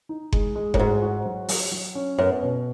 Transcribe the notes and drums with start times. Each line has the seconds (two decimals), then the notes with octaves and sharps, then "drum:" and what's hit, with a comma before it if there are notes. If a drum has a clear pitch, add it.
0.09 D#4
0.33 G#3, drum: kick F#1
0.55 G#3
0.74 F#2, drum: kick F#1
0.78 G#2 F#4
1.02 F#4
1.26 F#3
1.49 F#3, drum: open hi-hat
1.72 F#3
1.95 C#4
2.18 F#2 B3
2.43 B2